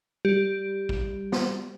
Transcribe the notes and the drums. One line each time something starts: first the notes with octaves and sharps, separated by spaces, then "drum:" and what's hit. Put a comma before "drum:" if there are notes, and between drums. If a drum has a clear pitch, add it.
G3 G4
drum: kick A1
drum: snare